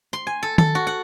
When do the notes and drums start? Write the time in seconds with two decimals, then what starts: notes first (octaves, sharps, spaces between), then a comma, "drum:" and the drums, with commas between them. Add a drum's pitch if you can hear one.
0.13 C6
0.27 G#5
0.43 A4
0.58 A4, drum: tom D#3
0.75 F#4
0.87 F#5